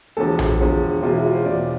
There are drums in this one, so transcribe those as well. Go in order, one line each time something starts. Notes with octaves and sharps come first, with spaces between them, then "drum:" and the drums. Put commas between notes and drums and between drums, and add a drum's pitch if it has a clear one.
E1 E2 D3 F3 A4
drum: tom A#1
E1 E2 D3 F3
E1 E2 B2 F4
E4
F4
C5
E1 E2 B2 D5